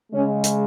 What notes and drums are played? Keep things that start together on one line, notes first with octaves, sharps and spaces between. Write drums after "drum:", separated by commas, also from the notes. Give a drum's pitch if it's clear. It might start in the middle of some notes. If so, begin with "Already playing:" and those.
C#3 G#3 C#4
drum: hi-hat